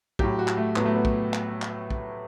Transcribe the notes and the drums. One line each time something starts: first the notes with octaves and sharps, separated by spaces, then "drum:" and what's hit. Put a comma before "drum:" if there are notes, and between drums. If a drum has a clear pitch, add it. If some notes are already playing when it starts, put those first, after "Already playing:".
A2 F#3 G4, drum: kick
F#4
drum: clap
A3
A2 F#3 B3, drum: clap
A3
B3
drum: kick
drum: clap
drum: clap
drum: kick